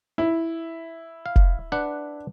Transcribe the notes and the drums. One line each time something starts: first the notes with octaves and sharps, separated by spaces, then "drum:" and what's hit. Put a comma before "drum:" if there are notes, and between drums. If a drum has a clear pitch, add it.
E4
F5
drum: kick F1
D4 B4 F#5